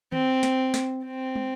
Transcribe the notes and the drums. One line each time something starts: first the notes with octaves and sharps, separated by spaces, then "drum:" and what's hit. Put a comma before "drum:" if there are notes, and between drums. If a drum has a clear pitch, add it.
C4, drum: tom D#3
drum: snare
drum: snare
C4
drum: tom